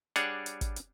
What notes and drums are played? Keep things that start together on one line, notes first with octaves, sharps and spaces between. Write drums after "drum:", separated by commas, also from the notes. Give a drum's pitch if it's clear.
G3 D4 G#4 C#5 D5 F#5, drum: hi-hat
drum: hi-hat
drum: kick, hi-hat
drum: hi-hat